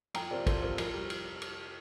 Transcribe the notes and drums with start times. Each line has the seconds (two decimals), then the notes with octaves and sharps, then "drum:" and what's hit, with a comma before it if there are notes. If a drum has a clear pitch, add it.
0.14 F2 G5 A#5, drum: cymbal
0.31 C3 F3 C4 A#4 D5
0.47 F2 A4 C5, drum: kick, cymbal
0.62 C3 F3 C4 A#4
0.78 F2 A#4, drum: cymbal
0.94 G3
1.10 drum: cymbal
1.42 drum: cymbal